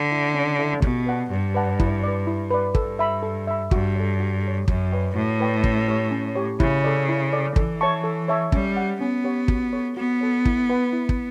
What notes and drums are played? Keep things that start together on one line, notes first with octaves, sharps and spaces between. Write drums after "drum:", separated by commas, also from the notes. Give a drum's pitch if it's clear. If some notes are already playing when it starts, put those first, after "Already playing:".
Already playing: D3
E4 A4 E5
C#4
E4 A4 E5
B2 G4, drum: kick
B4 D5 F#5 A5
G2 G4
B4 D5 F#5 A5
E4, drum: kick
B4 D5
E4
B4 D5
G2 A4, drum: kick
E5 B5
A4
E5 B5
G2 F#4, drum: kick
A4 C#5
F#4
A4 C#5
F#2 F#4, drum: kick
B4 D5 G5 C#6
A2 F#4
B4 D5 G5 C#6
C#4, drum: kick
G4 C#5
C#4
G4 C#5
C#3 E4, drum: kick
A4 D5
E4
A4 D5
E3 A4, drum: kick
C#5 E5 A5 C#6
A4
C#5 E5 A5 C#6
G3 C#4, drum: kick
G4 C#5 F#5
B3 C#4
G4 C#5 F#5
F#4, drum: kick
A4 C#5
B3 F#4
A4 C#5
E4, drum: kick
B4 F#5
E4
drum: kick